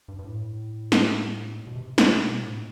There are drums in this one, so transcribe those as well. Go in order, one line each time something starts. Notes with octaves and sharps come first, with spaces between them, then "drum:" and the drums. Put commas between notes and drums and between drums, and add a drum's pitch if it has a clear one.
G2
G2
A2
drum: snare
B2
C3
C3, drum: snare
B2
A2